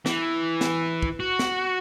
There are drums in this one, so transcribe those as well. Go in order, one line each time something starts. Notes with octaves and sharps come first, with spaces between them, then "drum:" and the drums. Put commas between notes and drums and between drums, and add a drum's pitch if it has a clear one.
E3, drum: snare
drum: snare
drum: kick
F#4
drum: snare